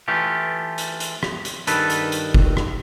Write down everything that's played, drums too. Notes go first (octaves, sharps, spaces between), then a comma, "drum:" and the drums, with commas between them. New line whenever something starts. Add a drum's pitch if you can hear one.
E3 A3 F4 G4
drum: hi-hat
drum: hi-hat
drum: rim click
drum: hi-hat
G2 D#3 A4 B4, drum: hi-hat
drum: hi-hat
drum: hi-hat
drum: kick F#1
drum: rim click